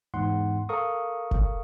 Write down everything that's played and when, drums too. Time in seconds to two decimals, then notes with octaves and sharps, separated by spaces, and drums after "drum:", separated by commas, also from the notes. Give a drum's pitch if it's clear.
0.14 E2 G#2 F#5 C6
0.69 A4 A#4 F5 A#5 C#6 D#6
1.31 drum: kick F#1